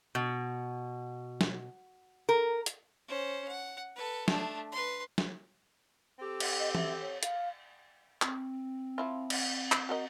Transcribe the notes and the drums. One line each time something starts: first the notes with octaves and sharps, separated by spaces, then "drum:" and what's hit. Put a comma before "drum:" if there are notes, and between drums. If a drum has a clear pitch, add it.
B2
drum: snare
A#4
drum: hi-hat
C#4 C5
F#5
A4 B4
A3 D4, drum: snare
B4 C6
drum: snare
C4 G4 A4
drum: cymbal
D#5
E5, drum: tom E3
C#5
F5, drum: hi-hat
C4, drum: clap
F3 E4 F4
drum: cymbal
drum: clap
F#4 A#4 D#5